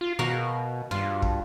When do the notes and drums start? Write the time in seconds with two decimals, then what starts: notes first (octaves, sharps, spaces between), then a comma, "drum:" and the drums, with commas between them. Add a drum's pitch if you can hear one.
0.01 F4
0.19 B2 F#4 A#4 F5
0.91 G2 F4
1.22 drum: kick